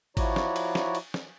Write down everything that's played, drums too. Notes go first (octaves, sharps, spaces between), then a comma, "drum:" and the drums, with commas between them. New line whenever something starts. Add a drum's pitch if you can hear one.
F3 E4 F#4 C#5 D5 A#5, drum: kick G#1, cymbal
drum: snare
drum: cymbal
drum: snare
drum: cymbal
drum: snare